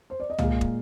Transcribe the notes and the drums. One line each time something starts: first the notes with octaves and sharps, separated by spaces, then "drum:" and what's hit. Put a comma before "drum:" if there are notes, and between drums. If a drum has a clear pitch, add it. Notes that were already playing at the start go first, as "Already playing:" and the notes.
C5
D5
D#5
A#2 G#3 F5, drum: tom
drum: kick